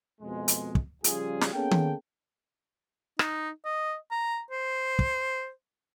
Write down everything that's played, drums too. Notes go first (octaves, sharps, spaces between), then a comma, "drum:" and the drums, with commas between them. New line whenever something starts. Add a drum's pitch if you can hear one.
F2 B2 G#3
drum: hi-hat
drum: kick
C#3 F3 G3 C#4 F4 G#4, drum: hi-hat
drum: snare
A#3 B3 C#4 G#4 A4 G5
drum: tom D#3
D#4, drum: rim click
D#5
A#5
C5
drum: kick